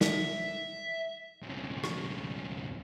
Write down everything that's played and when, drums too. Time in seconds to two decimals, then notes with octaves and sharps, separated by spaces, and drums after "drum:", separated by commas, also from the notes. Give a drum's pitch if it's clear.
0.01 E5, drum: snare
1.42 B1 C#3
1.84 drum: rim click